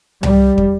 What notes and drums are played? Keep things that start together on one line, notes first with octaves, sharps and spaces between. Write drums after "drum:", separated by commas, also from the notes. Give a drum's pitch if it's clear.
G3, drum: tom C2
drum: kick